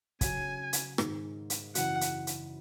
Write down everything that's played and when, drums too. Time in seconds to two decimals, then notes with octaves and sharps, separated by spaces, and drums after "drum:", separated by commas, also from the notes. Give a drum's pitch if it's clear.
0.21 C#3 F#3 C#4 G#5, drum: kick, hi-hat
0.73 drum: hi-hat
0.98 G#2 D#3 G#3, drum: rim click
1.50 drum: hi-hat
1.75 F#2 C#3 E3 F#5, drum: hi-hat
2.01 drum: hi-hat
2.27 drum: hi-hat